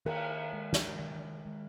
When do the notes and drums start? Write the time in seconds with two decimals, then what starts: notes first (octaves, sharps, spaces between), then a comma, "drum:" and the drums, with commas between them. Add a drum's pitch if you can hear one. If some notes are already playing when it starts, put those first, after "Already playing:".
0.05 D#3 A#4, drum: cymbal
0.53 G#3
0.73 drum: snare
0.99 D#3
1.45 G#3